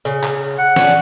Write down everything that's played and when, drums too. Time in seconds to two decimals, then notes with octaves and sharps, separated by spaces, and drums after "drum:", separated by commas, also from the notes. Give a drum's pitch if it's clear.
0.05 C#3
0.24 drum: clap
0.58 F#5
0.76 C#4 D4, drum: snare